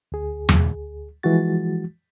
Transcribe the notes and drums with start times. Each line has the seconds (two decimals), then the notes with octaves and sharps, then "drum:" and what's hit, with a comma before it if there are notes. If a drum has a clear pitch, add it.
0.12 D2 G#4
0.49 drum: tom E2
1.23 E3 F3 G#3 F#4 A6